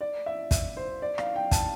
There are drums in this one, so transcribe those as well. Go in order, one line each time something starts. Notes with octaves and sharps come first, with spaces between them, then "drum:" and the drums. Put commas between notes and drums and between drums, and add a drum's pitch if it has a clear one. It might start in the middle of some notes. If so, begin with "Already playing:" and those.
D5
E5
E5, drum: kick, hi-hat
C5
D5
F5, drum: rim click
G5
A5, drum: kick, hi-hat